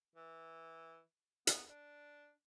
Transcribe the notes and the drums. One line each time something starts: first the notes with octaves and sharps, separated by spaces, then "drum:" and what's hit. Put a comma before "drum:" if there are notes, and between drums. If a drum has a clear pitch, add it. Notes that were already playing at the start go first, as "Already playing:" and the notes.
E3
B3, drum: hi-hat
D4